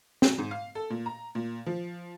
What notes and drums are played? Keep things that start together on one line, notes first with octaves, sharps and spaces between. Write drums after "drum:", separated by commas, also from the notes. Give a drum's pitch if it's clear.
F#3, drum: snare
G#2
F5
A4
A#2
A#5
A#2
F3